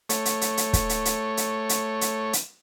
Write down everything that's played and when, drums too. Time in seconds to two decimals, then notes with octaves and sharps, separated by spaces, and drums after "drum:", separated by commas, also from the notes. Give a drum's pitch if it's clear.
0.09 A3 C#5, drum: hi-hat
0.25 drum: hi-hat
0.41 drum: hi-hat
0.57 drum: hi-hat
0.73 drum: kick, hi-hat
0.89 drum: hi-hat
1.05 drum: hi-hat
1.37 drum: hi-hat
1.69 drum: hi-hat
2.01 drum: hi-hat
2.33 drum: hi-hat